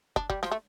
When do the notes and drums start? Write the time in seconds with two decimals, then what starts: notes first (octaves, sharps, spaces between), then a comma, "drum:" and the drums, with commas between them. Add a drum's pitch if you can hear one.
0.16 D4, drum: kick
0.30 G3, drum: kick
0.43 F3, drum: snare
0.52 A3